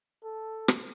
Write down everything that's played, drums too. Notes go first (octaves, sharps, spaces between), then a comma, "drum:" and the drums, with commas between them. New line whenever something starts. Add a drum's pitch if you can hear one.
A4
drum: rim click